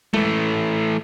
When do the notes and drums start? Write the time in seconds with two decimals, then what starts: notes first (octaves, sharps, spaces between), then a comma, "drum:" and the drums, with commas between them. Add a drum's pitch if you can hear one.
0.14 E3 A3, drum: tom G#3